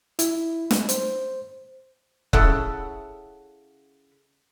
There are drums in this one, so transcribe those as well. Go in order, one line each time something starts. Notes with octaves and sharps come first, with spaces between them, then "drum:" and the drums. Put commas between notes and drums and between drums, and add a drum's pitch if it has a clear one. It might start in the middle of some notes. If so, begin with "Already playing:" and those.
E4, drum: hi-hat
drum: snare
C5, drum: hi-hat
C#3 E4 A4 F#5, drum: kick